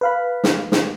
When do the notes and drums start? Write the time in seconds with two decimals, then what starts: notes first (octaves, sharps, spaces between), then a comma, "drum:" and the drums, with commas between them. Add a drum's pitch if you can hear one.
0.01 B4 F5 B5
0.44 drum: snare
0.72 drum: snare